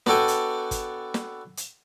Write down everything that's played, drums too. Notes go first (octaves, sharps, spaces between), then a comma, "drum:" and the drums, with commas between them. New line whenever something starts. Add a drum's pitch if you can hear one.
B3 D4 F#4 A4 G5 G#5, drum: snare
drum: hi-hat
drum: kick, hi-hat
drum: snare
drum: hi-hat